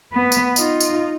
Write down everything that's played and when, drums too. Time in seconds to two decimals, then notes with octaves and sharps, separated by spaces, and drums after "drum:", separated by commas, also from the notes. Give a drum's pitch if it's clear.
0.13 B3 B4
0.32 drum: tambourine
0.56 D#4 F4, drum: tambourine
0.80 drum: tambourine